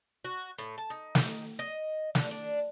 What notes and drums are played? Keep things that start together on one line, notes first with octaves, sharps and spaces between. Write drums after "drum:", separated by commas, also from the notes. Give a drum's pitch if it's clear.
F#4
A2
A5
D#4
drum: snare
D#5
D3, drum: snare
D4